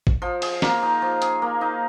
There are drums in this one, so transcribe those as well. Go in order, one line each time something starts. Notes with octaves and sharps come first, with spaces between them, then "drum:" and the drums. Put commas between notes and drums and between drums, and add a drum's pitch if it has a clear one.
drum: kick
F3
G#4, drum: cymbal
A#3, drum: snare
D#4
F3
G#4, drum: hi-hat
A#3
D#4